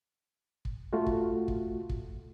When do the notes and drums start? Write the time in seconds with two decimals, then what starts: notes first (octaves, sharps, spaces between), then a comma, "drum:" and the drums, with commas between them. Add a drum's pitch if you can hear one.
0.65 drum: kick
0.93 A3 F4 F#4
1.06 drum: kick
1.48 drum: kick
1.89 drum: kick